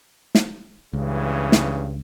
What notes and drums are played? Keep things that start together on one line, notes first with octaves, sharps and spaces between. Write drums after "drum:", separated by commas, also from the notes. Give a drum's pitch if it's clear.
drum: snare
C#2 G2 C#3 E3
drum: snare